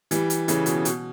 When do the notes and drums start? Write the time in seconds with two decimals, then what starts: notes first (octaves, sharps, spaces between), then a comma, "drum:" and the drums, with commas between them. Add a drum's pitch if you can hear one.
0.11 E3 G3, drum: hi-hat
0.30 drum: hi-hat
0.48 C#3 E3, drum: hi-hat
0.66 B2, drum: hi-hat
0.85 B2, drum: hi-hat